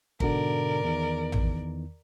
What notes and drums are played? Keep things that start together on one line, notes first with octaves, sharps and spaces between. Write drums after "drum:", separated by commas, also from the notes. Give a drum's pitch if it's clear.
G#2 B2 D3 A#4 D5, drum: kick
E2 D#3
drum: tom A1